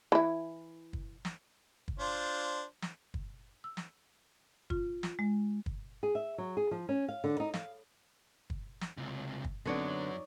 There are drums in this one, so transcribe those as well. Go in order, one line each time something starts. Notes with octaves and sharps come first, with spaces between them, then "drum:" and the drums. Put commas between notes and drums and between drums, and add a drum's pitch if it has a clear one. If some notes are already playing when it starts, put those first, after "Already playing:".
E3 E4
drum: kick
drum: snare
drum: kick
D4 F4 C5
drum: snare
drum: kick
E6
drum: snare
F4, drum: kick
drum: snare
G#3
drum: kick
G#4
E5
F#3
G#4
F3
C#4
F5
D3
D#4
F5, drum: snare
drum: kick
drum: snare
C#2 C3
drum: kick
F#2 D3 F#3 B3 C4 D#4 C#5 D5